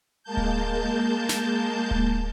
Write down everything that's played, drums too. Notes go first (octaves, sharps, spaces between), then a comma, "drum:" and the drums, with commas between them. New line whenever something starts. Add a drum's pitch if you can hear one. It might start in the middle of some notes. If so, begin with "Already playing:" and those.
G#3 A#3 A5 G6
drum: kick D1
drum: snare
drum: kick D1